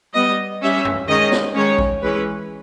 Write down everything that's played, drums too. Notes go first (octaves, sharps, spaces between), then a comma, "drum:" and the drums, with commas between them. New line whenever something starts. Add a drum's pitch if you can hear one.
G3 B3 D#5
G3 C#4 E5
drum: tom F#2
D#3 G#3 C#4 D#5
drum: snare
D#3 G#3 C#4 C#5
drum: kick A#1
E3 G#3 C#4 B4